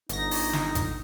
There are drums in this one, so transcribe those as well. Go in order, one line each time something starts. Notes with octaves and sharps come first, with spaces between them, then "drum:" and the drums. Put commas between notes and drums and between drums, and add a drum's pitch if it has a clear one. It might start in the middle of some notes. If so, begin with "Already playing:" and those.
G1 D#4 A#6, drum: hi-hat
drum: open hi-hat
drum: snare
drum: kick G#1, hi-hat